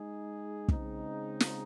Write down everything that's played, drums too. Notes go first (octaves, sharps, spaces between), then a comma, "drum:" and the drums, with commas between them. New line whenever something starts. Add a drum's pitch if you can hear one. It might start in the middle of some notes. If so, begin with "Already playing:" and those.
Already playing: G#3 D#4 G#4
C#3 G#3 C4 D#4, drum: kick
drum: snare